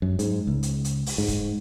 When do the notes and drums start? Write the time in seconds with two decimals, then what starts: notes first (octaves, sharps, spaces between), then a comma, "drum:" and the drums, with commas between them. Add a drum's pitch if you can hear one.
0.02 F#2
0.19 G#2, drum: hi-hat
0.47 C#2
0.63 drum: hi-hat
0.85 drum: hi-hat
1.06 drum: open hi-hat
1.18 G#2
1.28 drum: kick, hi-hat